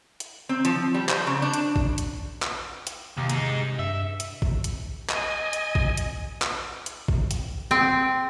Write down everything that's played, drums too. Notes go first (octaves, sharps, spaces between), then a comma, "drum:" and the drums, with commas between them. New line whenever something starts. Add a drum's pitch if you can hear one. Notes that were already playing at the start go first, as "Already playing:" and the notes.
drum: hi-hat
C4
F3, drum: hi-hat
G3
C5, drum: clap
C#3
D4
drum: hi-hat
drum: kick
drum: hi-hat
drum: clap
drum: hi-hat
D#2 C3
G#3 D#4, drum: hi-hat
G2 E5
drum: hi-hat
drum: kick
drum: hi-hat
D#5 G#5, drum: clap
drum: hi-hat
drum: kick
drum: hi-hat
drum: clap
drum: hi-hat
drum: kick
drum: hi-hat
C4